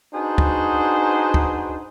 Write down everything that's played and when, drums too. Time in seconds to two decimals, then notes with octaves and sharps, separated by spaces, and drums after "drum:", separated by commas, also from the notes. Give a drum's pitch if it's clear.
0.14 D4 D#4 F#4 G#4 B4 C5
0.38 drum: kick
1.34 drum: kick